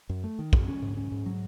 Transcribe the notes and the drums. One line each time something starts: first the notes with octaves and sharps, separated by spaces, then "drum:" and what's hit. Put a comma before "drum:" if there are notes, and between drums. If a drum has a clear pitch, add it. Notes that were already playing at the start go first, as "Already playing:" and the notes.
F#2
A3
D#3
F#2, drum: kick
C#4
G#2
C#4
G#2
F#3